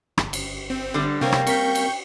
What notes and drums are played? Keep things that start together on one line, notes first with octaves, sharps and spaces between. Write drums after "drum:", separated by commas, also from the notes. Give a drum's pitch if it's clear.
G1, drum: rim click
drum: cymbal
C4
D3 G3
C3 G3 A#3 C4 C#5 G5
drum: rim click
C4 A#4 C#6 G6 B6, drum: cymbal
drum: cymbal